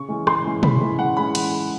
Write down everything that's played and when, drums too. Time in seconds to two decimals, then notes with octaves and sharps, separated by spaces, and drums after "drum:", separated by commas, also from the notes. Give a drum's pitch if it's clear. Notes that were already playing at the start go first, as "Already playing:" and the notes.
Already playing: C#3 C#6
0.08 E3 G#3 C#4
0.27 C#3 C6, drum: rim click
0.45 E3 G#3 C#4
0.63 C#3 B5, drum: tom B2
0.81 E3 G#3 C#4
0.99 C#3 F#5
1.17 E3 G#3 C#4 B5
1.35 drum: cymbal